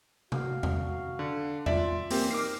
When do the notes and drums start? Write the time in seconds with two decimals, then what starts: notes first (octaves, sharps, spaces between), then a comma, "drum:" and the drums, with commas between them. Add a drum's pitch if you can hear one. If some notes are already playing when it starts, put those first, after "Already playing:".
0.32 F#4 F5, drum: tom C3
0.63 drum: tom E2
1.19 D3
1.66 F4 D5 E5, drum: tom E2
2.10 E3 A#3 C4 G4, drum: open hi-hat
2.31 D#4 A#4 D6 C7